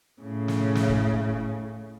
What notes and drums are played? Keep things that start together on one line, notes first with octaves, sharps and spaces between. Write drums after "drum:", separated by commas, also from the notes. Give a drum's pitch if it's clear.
A2 C#3
drum: snare
drum: snare
drum: kick